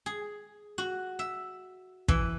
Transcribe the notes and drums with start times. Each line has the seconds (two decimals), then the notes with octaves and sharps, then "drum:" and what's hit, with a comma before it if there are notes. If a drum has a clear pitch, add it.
0.06 G#4
0.78 F#4
1.19 E5
2.08 E3, drum: kick